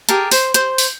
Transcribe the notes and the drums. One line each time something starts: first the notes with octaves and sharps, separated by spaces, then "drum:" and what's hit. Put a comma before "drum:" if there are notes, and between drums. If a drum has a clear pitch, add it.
G4 G#4 A#4 A5, drum: hi-hat
C5, drum: open hi-hat
C5, drum: hi-hat
drum: open hi-hat